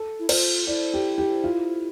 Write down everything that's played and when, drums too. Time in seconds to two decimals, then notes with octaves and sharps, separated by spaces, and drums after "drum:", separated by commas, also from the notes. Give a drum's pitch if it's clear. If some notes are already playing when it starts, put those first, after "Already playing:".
Already playing: A4
0.19 E4
0.29 F4 C5, drum: cymbal
0.67 E4 D5
0.94 G4
1.18 G4
1.44 F4